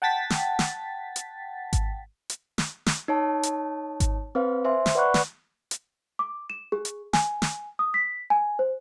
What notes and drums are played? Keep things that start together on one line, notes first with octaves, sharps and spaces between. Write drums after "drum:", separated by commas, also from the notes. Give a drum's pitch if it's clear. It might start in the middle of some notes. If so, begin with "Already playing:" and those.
F#5 G5 A5 A6 B6
drum: snare
drum: snare
drum: hi-hat
drum: kick G#1, hi-hat
drum: hi-hat
drum: snare
drum: snare
D#4 C#5 A5 D#6
drum: hi-hat
drum: kick G#1, hi-hat
C4 B4 C5 F5
C5 E5 G#5 C6
drum: snare
B4 D5 F#5 B5 C#6 F#6
drum: snare
drum: hi-hat
D6
E7
G#4
drum: hi-hat
G#5, drum: snare
drum: snare
D#6
B6
G#5
C5